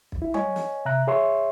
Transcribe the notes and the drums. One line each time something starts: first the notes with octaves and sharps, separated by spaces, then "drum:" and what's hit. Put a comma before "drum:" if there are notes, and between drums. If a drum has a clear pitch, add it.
drum: kick
E4
C#5 D#5 G#5 C#6, drum: tom F#3
drum: snare
C3 E5 A#5 F#6
G#4 C#5 E5 C6 C#6